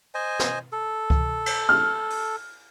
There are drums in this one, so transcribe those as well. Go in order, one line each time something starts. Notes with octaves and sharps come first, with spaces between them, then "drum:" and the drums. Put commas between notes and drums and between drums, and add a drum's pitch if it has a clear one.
C5 D#5 G#5
drum: snare
A4
drum: kick C#2
drum: cymbal
F6
drum: open hi-hat